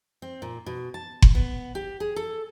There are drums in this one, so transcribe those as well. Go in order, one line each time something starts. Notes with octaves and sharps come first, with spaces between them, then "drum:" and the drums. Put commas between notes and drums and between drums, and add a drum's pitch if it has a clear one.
C4
A#2
B2
A5
drum: kick F#1
B3
G4
G#4
A4